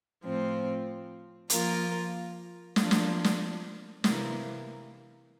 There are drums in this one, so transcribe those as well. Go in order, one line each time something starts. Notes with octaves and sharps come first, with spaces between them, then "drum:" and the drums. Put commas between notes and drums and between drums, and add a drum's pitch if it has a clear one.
A2 F3 C4
F3 A#3 F4 A#4, drum: hi-hat
F3 A#3 D4 F4, drum: snare
drum: snare
drum: snare
C3 E3 A#3, drum: snare